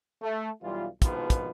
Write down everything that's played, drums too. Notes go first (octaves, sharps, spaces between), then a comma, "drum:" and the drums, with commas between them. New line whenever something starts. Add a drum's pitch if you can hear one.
A3
B1 E3 G3 F4
A#1 G#2 B2 D#3 F3 B4, drum: kick, hi-hat
drum: kick, hi-hat